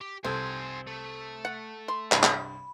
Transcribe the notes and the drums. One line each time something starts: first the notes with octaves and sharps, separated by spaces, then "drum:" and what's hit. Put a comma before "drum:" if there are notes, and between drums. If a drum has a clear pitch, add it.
G4
C2 C4 A4 C5 G#5
A3
F#5
C6
C2 G2 B5, drum: clap
drum: clap